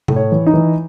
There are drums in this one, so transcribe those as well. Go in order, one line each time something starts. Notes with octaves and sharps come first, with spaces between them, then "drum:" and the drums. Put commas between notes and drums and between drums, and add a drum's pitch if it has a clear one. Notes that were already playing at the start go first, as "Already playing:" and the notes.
A2, drum: tom C3
C#5
E3
D#4
E3